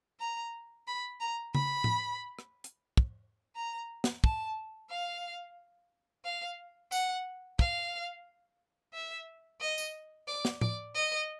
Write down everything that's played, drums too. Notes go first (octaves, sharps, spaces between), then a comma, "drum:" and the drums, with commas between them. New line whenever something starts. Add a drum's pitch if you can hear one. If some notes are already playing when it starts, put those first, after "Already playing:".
A#5
B5
A#5
B5, drum: tom C#3
drum: tom A2
drum: rim click
drum: hi-hat
drum: kick
A#5
drum: snare
A5, drum: kick
F5
F5
F#5, drum: tambourine
F5, drum: kick
E5
D#5
drum: tambourine
D5
drum: snare
D5, drum: tom A2
D#5